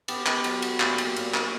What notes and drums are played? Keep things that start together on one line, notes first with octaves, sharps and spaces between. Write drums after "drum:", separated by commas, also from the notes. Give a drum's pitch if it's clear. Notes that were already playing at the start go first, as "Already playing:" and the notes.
B3 G4, drum: cymbal
drum: clap
F#3, drum: cymbal
drum: cymbal
A#2, drum: clap
drum: cymbal
A#2, drum: cymbal
drum: clap